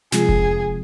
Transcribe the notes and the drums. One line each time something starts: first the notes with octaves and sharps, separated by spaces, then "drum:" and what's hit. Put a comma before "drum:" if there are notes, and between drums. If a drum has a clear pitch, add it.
C3 F3 G#3 C4 F4 G#4, drum: snare
drum: kick F1